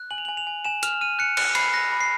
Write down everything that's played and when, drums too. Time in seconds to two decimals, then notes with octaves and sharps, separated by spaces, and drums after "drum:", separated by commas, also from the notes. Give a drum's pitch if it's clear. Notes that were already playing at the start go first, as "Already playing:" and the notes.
Already playing: F#6
0.11 G#5 F#7
0.18 F7
0.25 G#5 F#7
0.37 F7
0.47 G#5
0.65 G#5 E7
0.83 F6 F7, drum: hi-hat
1.01 F6 D#7
1.19 F#6 C#7
1.37 F#6 C#7, drum: cymbal
1.55 B5 C7, drum: cymbal
1.73 F#6 A#6
1.92 B5
2.01 C7